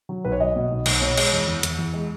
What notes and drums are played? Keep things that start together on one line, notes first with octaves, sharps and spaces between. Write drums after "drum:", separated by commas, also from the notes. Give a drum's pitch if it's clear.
F#3
B1 B4
C#5
F#3 D#5
B2
B1
B1, drum: cymbal
B2 C#5
G#3, drum: cymbal
E2
E2
E2, drum: hi-hat
E2
G#3